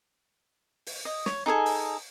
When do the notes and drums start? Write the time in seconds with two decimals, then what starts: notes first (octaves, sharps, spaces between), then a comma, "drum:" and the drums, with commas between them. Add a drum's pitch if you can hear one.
0.86 drum: open hi-hat
1.05 D#5
1.26 C#5, drum: snare
1.46 D#4 G#4 A4 G#5
1.66 drum: open hi-hat